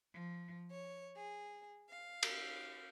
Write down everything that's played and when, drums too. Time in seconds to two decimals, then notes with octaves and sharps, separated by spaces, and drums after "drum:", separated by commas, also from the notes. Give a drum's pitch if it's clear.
0.13 F3
0.71 C#5
1.17 G#4
1.90 F5
2.23 drum: cymbal